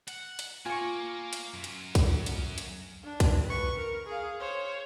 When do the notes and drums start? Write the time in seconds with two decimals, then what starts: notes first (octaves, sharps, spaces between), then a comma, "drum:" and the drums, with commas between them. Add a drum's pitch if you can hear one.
0.08 F#5, drum: hi-hat
0.39 drum: hi-hat
0.66 A#3 F4 G#5 C#6
1.33 drum: hi-hat
1.54 F#2
1.64 drum: hi-hat
1.95 drum: kick, hi-hat
2.26 drum: hi-hat
2.58 drum: hi-hat
3.04 D4
3.20 drum: kick, hi-hat
3.46 B4 C#6
3.76 A#4
4.07 G#4 F5
4.40 C5 C#5